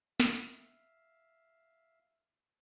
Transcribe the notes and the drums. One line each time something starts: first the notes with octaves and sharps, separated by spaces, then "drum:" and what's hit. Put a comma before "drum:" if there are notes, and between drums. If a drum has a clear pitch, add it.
E5 F5, drum: snare